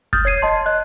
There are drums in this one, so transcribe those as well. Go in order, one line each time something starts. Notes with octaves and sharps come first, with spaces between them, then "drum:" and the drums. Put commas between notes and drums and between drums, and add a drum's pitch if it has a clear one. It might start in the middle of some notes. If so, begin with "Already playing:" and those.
D#6 F6 G6 A6, drum: kick
C#5 G#6 C7 D#7
D#5 A5 C6
D#5 F#6